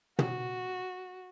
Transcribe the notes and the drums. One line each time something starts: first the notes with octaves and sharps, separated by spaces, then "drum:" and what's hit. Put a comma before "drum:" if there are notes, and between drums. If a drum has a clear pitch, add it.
F#4, drum: tom